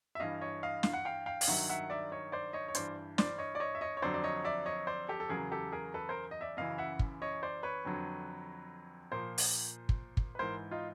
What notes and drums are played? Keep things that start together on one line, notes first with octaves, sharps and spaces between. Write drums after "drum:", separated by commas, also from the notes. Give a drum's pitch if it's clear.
E5
G2 E3 D#5 F5
C#5 D#5
D#5 F5
F5, drum: snare
F#5
F5 G5
F5 G5
F5, drum: open hi-hat
G2 D#3 F#3 E5 F#5
E5 F#5
D5 E5
C#5 D#5
C5 D5
C#5 D#5
C#5
G2 E3 C5 D5, drum: hi-hat
C5 D5, drum: snare
C#5 D#5
D5
C#5 D#5
E5
C#5 D#5
C#5
F2 D3 F#3 C5 D5
D5
C#5 D#5
D5 E5
C#5 D#5
C5 D5
G4 A4
A4
E2 C#3 F#3 G#4 A#4
G4 A4
G#4 A#4
A4 B4
A#4 C5
D#5
D5 E5
F#2 C#3 E3 D#5 F5
E5 F#5
drum: kick
C#5 D#5
C5 D5
B4 C#5
F2 D3 F#3
A#2 F3 A#4 C5
drum: open hi-hat
drum: kick
drum: kick
B4
G#2 E3 A#4 C5
D#4 F4